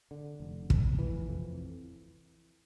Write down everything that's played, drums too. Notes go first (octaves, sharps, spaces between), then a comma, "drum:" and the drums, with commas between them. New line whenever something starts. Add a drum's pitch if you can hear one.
D3
F1
F1, drum: kick
F1 E3
F2